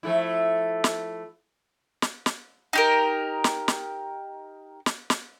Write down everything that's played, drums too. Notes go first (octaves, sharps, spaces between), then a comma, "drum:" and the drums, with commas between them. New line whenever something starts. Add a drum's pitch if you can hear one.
F3 A3 E4
drum: snare
drum: snare
drum: snare
D#4 G4 A#4
drum: snare
drum: snare
drum: snare
drum: snare